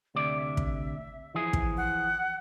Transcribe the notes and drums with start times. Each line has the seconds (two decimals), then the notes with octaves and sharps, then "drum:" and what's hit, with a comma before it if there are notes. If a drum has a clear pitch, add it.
0.15 D2 C3 D5 E5
0.57 drum: kick
1.35 E3 F3 G#4
1.53 drum: kick
1.77 F#5